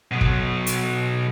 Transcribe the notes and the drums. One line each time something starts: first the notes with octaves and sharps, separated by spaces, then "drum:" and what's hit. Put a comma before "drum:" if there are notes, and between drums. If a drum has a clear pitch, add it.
B2 F#3
drum: kick
drum: hi-hat